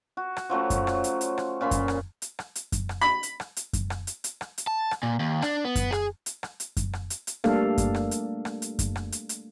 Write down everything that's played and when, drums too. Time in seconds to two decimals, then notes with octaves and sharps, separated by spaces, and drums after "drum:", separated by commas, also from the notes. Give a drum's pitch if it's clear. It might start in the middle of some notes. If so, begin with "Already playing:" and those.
0.17 F#4
0.37 drum: rim click
0.50 F3 F#3 A3 C#4
0.70 drum: kick F#2, hi-hat
0.87 drum: rim click
1.04 drum: hi-hat
1.21 drum: hi-hat
1.38 drum: rim click
1.61 A#2 C#4 B5 C6
1.71 drum: kick F#2, hi-hat
1.88 drum: rim click
2.22 drum: hi-hat
2.39 drum: rim click
2.55 drum: hi-hat
2.72 drum: kick F#2, hi-hat
2.89 drum: rim click
3.01 B5
3.23 drum: hi-hat
3.40 drum: rim click
3.57 drum: hi-hat
3.73 drum: kick F#2, hi-hat
3.90 drum: rim click
4.07 drum: hi-hat
4.24 drum: hi-hat
4.41 drum: rim click
4.58 drum: hi-hat
4.67 A5
4.91 drum: rim click
5.03 A#2
5.20 D#2
5.42 D4, drum: rim click
5.65 B3
5.76 drum: kick F#2, hi-hat
5.92 G#4, drum: rim click
6.26 drum: hi-hat
6.43 drum: rim click
6.60 drum: hi-hat
6.77 drum: kick F#2, hi-hat
6.93 drum: rim click
7.10 drum: hi-hat
7.27 drum: hi-hat
7.44 G3 A3 A#3 D4 A4 F5, drum: rim click
7.78 drum: kick F#2, hi-hat
7.94 drum: rim click
8.11 drum: hi-hat
8.45 drum: rim click
8.62 drum: hi-hat
8.79 drum: kick F#2, hi-hat
8.96 drum: rim click
9.12 drum: hi-hat
9.29 drum: hi-hat